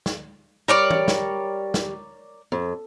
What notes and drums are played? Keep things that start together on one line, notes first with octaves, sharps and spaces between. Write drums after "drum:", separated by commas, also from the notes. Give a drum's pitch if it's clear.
drum: snare
G3 A#4 C#5 D5
drum: tom
drum: snare
drum: snare
F2